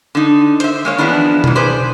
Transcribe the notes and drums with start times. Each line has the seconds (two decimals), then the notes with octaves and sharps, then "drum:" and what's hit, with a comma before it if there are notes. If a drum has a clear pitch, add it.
0.15 D3 D#4
0.60 C5 E5, drum: hi-hat
0.85 G#3 A#3 C#5
0.98 E3 F3 G#3 B3 D4 E4
1.44 F#2 E3, drum: tom B2
1.56 G#4 B4 C5 D5